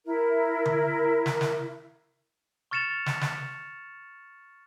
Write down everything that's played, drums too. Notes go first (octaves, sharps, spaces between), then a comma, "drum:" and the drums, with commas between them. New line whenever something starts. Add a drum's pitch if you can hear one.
E4 A#4
drum: tom D3
drum: snare
drum: snare
C#6 F6 A6 C#7 E7 F7
drum: snare
drum: snare